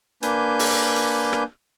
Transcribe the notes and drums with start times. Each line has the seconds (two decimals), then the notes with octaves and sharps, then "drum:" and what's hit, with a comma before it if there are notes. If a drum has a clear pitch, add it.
0.23 A#3 D4 B4 G#5 G6, drum: hi-hat
0.59 drum: open hi-hat
0.96 drum: hi-hat
1.33 drum: rim click